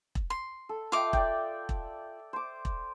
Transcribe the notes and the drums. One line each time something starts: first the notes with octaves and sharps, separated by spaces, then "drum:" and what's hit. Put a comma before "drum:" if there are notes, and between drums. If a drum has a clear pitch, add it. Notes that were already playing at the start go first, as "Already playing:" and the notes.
drum: kick E1
C6
A4
F4 D#5 E5 G5 D6
D5 G5, drum: kick E1
drum: kick E1
C5 D6
drum: kick E1